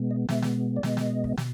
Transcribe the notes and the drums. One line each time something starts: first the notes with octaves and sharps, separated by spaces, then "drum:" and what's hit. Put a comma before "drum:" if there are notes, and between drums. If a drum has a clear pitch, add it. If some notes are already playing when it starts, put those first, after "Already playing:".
Already playing: B2 G#3 B3
D#5
B2 G#3 B3 E5, drum: snare
drum: snare
D5
B2 G#3 B3 D#5, drum: snare
drum: snare
drum: kick
B2, drum: snare